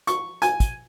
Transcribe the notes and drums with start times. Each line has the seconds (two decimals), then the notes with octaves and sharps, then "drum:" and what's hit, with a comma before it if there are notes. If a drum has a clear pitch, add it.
0.07 C#6, drum: hi-hat
0.42 G#5, drum: hi-hat
0.60 drum: kick, hi-hat